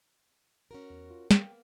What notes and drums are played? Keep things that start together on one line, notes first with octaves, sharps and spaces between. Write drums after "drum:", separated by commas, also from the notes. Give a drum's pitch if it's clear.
C#4 F#4 A#4
E2
F4
A#3 B3 G5, drum: snare